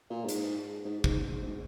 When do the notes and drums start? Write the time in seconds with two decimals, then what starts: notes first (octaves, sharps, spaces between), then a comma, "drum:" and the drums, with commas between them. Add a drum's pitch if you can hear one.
0.10 A#2
0.24 G2
0.29 G#2, drum: hi-hat
0.85 G#2
1.04 G#2, drum: kick
1.42 G#2